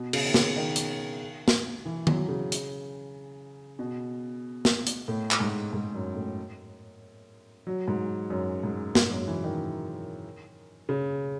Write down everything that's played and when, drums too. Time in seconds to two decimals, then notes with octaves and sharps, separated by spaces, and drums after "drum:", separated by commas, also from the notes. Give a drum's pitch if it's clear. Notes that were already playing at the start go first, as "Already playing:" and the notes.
Already playing: B2
0.13 C#3, drum: cymbal
0.25 D#3
0.34 C#3, drum: snare
0.56 D#3
0.76 drum: hi-hat
1.48 drum: snare
1.86 E3
2.07 F#3, drum: tom D#3
2.28 C#3
2.52 drum: hi-hat
3.79 B2
4.65 drum: snare
4.87 drum: hi-hat
5.08 A2
5.31 drum: clap
5.40 G#2
5.73 G#2
5.94 F#2
6.16 A2
7.67 F#3
7.88 G#2
8.30 F#2
8.63 G#2
8.95 G#2, drum: snare
9.11 F#2
9.27 E3
9.44 D#3
10.89 C#3